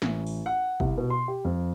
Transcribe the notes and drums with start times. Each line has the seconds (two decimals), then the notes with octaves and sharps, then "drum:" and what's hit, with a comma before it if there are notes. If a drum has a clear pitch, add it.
0.02 A1, drum: snare
0.27 drum: open hi-hat
0.46 F#5
0.80 C2, drum: kick
0.98 B2
1.10 C6
1.28 G4
1.45 F2